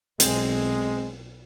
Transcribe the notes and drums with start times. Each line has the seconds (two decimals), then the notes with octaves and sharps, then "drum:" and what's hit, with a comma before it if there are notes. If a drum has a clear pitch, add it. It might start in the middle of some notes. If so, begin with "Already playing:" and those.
0.20 B1 G#3 C4, drum: hi-hat